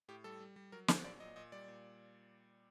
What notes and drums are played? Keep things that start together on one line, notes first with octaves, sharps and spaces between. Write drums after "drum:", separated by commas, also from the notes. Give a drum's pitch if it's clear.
A2 G4
G3 A4
G3
G3
F#3 A#4
F#3 C5, drum: snare
A#2 D5
A#2 D#5
A#2 D#5
G3 D5
A#2